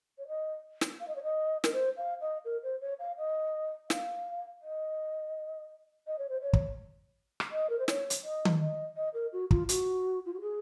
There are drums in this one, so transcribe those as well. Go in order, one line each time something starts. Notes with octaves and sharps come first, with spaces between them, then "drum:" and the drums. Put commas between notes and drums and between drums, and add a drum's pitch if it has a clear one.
C#5
D#5
drum: snare
F5
D#5
C#5
D#5
A#4, drum: snare
C5
F5
D#5
A#4
C5
C#5
F5
D#5
F5, drum: snare
D#5
D#5
C#5
C5
C#5
drum: kick
drum: rim click
D#5
A#4
C5
C#5, drum: snare
drum: hi-hat
D#5
drum: tom D#3
D#5
D#5
A#4
F#4
F4, drum: kick
F#4, drum: hi-hat
F4
F#4
G#4